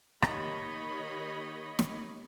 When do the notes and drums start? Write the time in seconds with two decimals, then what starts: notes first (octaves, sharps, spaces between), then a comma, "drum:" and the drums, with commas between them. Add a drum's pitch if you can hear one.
0.22 D#3 A#3 G4 C#5 D#5 B5, drum: rim click
1.79 drum: snare